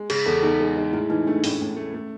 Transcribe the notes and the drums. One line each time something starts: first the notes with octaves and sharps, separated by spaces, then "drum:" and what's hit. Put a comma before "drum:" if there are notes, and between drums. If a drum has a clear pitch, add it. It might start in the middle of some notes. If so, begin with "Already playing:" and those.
Already playing: G#3
C#3 G#4, drum: cymbal
E2 A4
E2 D#4
G#3
G#3
A2 E4
E3 D#4
A3 D4
A2 C#4, drum: open hi-hat
A2
A3
A3